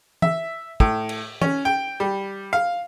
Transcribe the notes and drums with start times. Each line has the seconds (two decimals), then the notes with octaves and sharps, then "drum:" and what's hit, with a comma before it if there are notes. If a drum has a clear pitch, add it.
0.22 E5, drum: tom E3
0.80 A2, drum: kick
1.09 drum: cymbal
1.42 C#4, drum: tom E3
1.65 G5
2.00 G3
2.53 F5